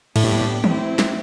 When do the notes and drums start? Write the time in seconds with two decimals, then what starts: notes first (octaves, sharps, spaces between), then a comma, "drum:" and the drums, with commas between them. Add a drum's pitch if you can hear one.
0.16 A2 G3 B3 D4 G4, drum: cymbal
0.64 A3 C4 E4, drum: tom
0.99 drum: snare